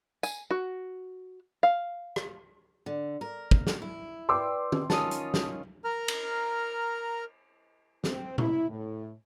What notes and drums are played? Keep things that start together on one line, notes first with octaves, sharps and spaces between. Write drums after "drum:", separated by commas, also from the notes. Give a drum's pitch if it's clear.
G#5, drum: tambourine
F#4
F5
drum: rim click
D3
A#4
drum: kick
drum: snare
E4
B4 D5 G5 C6 D6 E6
drum: tom
D#3 C#4 F4 A5 D#6, drum: snare
drum: hi-hat
drum: snare
A#4 A#5 F6
drum: cymbal
C4, drum: snare
E4, drum: tom A#2
A2